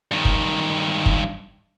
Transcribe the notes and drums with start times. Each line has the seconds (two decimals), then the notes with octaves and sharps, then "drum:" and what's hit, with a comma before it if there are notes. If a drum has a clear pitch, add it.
0.11 G2 D#3
0.25 drum: kick
1.06 drum: kick